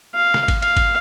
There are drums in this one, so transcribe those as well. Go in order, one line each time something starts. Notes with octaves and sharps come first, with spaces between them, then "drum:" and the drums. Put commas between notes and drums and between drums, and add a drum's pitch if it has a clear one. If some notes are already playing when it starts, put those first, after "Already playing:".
F5
drum: snare
drum: kick G#1, cymbal
F5, drum: cymbal
drum: kick G#1, cymbal